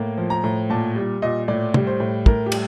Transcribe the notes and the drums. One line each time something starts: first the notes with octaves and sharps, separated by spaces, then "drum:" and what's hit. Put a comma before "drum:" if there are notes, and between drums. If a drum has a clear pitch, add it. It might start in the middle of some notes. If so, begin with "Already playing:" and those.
Already playing: A2 A#3
F3
A#5
A2
A#2 A5
G3
A#2 D#5
A2 D5
G3, drum: tom
C5
A2
A2 A#4, drum: kick
G4
G3, drum: cymbal